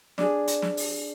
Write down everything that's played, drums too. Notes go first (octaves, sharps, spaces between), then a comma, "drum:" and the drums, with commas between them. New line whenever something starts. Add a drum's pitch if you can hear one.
D4 G#4, drum: snare
drum: hi-hat
drum: snare
drum: open hi-hat